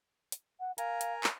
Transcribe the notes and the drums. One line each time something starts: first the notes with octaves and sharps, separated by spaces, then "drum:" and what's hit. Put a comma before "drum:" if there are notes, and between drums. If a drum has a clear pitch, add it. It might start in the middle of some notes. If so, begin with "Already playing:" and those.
drum: hi-hat
F#5
A#4 F5 G#5 A#5, drum: hi-hat
drum: hi-hat
drum: clap